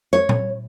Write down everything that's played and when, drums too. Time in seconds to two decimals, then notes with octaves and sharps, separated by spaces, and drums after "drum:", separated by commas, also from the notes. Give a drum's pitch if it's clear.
0.13 C#5
0.29 drum: tom A#2